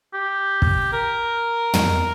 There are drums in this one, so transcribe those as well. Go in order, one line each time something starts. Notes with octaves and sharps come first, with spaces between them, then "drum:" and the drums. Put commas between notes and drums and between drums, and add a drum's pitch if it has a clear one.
G4
drum: kick
A#4
drum: tom